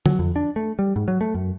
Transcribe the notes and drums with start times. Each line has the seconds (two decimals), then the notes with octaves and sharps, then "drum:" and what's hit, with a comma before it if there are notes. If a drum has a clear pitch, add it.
0.06 F#3, drum: tom D3
0.19 F2
0.36 D4
0.56 A3
0.79 G3
0.96 G#2
1.08 F#3
1.21 A3
1.35 F#2